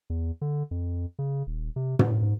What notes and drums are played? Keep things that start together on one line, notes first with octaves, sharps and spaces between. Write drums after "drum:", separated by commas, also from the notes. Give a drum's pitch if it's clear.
E2
D3
F2
C#3
D#1
C3
A2, drum: tom
G#2